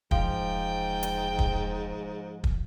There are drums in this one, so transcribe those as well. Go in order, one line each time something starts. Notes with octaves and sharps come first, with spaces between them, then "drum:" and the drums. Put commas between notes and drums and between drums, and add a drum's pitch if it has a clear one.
E1 G#2 F3 G5, drum: kick
drum: hi-hat
drum: kick
drum: kick